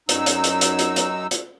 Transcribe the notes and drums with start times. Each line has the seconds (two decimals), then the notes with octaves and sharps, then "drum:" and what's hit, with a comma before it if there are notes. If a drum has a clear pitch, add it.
0.09 F#2 F#3 D#4 E6, drum: hi-hat
0.26 drum: hi-hat
0.44 drum: hi-hat
0.61 drum: hi-hat
0.79 drum: hi-hat
0.96 drum: hi-hat
1.31 drum: hi-hat